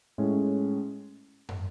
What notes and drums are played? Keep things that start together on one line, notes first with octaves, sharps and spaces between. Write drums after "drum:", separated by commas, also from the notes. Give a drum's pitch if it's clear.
A2 G#3 C#4
drum: tom